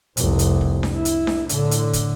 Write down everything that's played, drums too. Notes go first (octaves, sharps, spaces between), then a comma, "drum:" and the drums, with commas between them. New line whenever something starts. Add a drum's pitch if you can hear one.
F1 C2, drum: hi-hat
drum: hi-hat
drum: kick
drum: snare D4
E4
drum: hi-hat
drum: snare D4
A2 D3, drum: hi-hat
drum: hi-hat
drum: kick, hi-hat